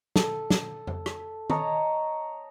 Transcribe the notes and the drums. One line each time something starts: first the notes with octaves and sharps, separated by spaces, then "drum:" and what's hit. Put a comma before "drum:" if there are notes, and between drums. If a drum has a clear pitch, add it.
A4, drum: snare
drum: snare
drum: tom F2
drum: rim click
C#5 D#5 A5 A#5, drum: tom